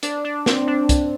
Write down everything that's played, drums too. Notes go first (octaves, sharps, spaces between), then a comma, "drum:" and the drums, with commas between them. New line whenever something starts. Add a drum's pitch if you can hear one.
D4, drum: hi-hat
D4
C4, drum: snare
D4
drum: kick, hi-hat